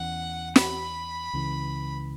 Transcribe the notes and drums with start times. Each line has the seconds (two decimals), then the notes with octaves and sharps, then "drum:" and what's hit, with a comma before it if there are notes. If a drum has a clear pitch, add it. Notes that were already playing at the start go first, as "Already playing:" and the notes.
Already playing: E2 E3 C#4 F#5
0.56 B5, drum: snare
1.33 C#2 C#3 E3